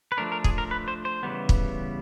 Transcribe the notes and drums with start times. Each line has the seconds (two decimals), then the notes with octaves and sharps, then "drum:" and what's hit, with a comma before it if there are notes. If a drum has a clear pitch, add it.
0.12 B4
0.18 F3 A3 D4 A#4
0.32 A#4
0.44 G#4, drum: kick
0.58 A#4
0.71 B4
0.88 C5
1.05 C5
1.23 C#3 E3 G3 B3
1.49 drum: kick